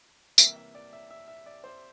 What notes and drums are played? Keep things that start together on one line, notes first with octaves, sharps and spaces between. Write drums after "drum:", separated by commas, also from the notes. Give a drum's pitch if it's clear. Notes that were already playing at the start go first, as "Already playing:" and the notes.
C3 E3 G3 A#3 E5, drum: tambourine
E5
D5
E5
E5
E5
D5
C5